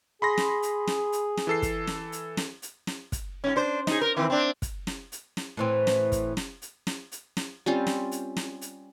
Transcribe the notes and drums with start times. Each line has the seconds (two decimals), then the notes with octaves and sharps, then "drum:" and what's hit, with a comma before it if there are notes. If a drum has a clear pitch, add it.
0.22 G#4 B5 C6 A#6
0.38 drum: snare
0.62 drum: hi-hat
0.87 drum: snare
1.12 drum: hi-hat
1.37 drum: snare
1.47 E3 A4 C7
1.62 drum: kick, hi-hat
1.87 drum: snare
2.12 drum: hi-hat
2.37 drum: snare
2.62 drum: hi-hat
2.87 drum: snare
3.12 drum: kick, hi-hat
3.44 G#2 C#4
3.56 D4 C5
3.87 D#4 G#4, drum: snare
4.01 A#4
4.17 D#3 E3 C4
4.30 C4 D4
4.62 drum: kick, hi-hat
4.87 drum: snare
5.12 drum: hi-hat
5.37 drum: snare
5.57 A2 E3 C4
5.87 drum: snare
6.12 drum: kick, hi-hat
6.37 drum: snare
6.62 drum: hi-hat
6.87 drum: snare
7.12 drum: hi-hat
7.37 drum: snare
7.66 G3 C4 C#4 F4
7.87 drum: snare
8.12 drum: hi-hat
8.37 drum: snare
8.61 drum: hi-hat